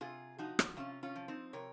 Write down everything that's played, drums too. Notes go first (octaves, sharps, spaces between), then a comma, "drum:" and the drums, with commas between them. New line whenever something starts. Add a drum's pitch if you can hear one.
C3 F4 G#4
F3 D#4 F#4
drum: rim click
C3 C#4 F4
C#4 F4
F3
C4 D#4
C3 A#4 C#5